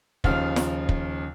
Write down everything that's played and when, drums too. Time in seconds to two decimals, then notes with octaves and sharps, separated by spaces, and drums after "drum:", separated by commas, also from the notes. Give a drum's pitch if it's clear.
0.24 D#2 C#3 F3 D#4 F5 F6, drum: kick
0.56 drum: snare
0.89 drum: kick